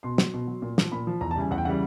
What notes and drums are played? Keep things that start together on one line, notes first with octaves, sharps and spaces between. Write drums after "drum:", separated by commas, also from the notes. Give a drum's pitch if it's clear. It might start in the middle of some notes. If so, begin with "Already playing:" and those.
B2 C6
F#3, drum: snare
B2
F#3
A#2
F3, drum: snare
A#2 B5
F3
E2 A#5
A5
C#3 E3 G3 G#5
E2 F#5
G5
C#3 E3 G3 F#5